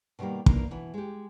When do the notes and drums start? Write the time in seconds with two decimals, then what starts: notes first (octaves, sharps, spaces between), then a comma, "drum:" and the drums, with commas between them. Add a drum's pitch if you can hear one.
0.19 B2 D#3 F#3 G3 A#3
0.46 E3 A#3 D4 D#4 F#4, drum: kick
0.71 B2 E3
0.94 G#3 G4